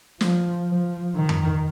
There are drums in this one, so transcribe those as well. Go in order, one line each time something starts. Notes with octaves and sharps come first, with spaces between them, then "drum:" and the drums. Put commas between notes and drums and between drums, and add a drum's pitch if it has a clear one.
F3, drum: snare
F3
D#3
drum: tom F2